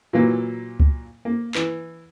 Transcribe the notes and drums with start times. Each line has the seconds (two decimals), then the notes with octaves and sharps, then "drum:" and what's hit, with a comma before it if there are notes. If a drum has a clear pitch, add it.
0.13 A#2 E3 F#3 A#3
0.80 drum: kick C#2
1.25 A#3
1.55 E3, drum: clap